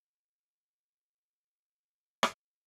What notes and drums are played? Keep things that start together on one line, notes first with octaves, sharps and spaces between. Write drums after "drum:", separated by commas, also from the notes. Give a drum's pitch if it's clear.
F#3 C#4 G4
drum: rim click